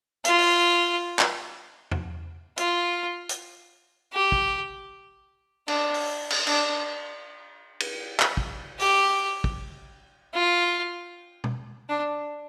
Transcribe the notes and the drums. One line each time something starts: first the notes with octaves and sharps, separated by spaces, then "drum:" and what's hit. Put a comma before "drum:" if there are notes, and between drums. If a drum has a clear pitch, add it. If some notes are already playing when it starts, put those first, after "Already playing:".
F4, drum: hi-hat
drum: open hi-hat
drum: clap
drum: tom E2
F4, drum: hi-hat
drum: hi-hat
G4
drum: kick
D4, drum: cymbal
drum: open hi-hat
drum: cymbal
D4, drum: cymbal
drum: cymbal
drum: clap
drum: kick
G4, drum: open hi-hat
drum: kick
F4
drum: tom B2
D4